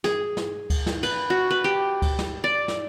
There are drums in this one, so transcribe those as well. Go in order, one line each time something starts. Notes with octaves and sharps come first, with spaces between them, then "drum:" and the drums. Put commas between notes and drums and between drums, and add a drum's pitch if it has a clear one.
G#4, drum: snare
drum: snare
drum: kick D2, cymbal
drum: snare
B4, drum: cymbal
F#4
B4
G4
drum: kick D2, cymbal
drum: snare
D5
drum: snare